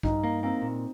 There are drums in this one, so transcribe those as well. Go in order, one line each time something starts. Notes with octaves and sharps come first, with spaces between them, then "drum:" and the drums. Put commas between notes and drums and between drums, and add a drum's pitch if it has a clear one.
G2 D#4, drum: kick A#1
A#3
A#3 C4
A#2